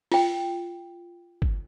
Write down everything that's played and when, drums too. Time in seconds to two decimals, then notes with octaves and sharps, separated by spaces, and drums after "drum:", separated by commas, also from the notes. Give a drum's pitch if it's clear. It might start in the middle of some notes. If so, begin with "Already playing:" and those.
0.12 F4 G5, drum: open hi-hat
1.42 drum: kick G1